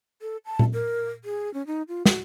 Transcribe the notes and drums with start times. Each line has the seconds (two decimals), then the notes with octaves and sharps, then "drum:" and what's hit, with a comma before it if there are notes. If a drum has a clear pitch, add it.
0.22 A4
0.46 A5
0.59 drum: tom A#2
0.74 A#4
1.25 G#4
1.54 C#4
1.67 D#4
1.88 F4
2.06 F#4, drum: snare